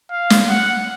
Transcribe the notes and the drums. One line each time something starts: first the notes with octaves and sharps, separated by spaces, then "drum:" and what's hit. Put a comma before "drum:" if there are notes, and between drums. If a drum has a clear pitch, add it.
F5
drum: snare
F#5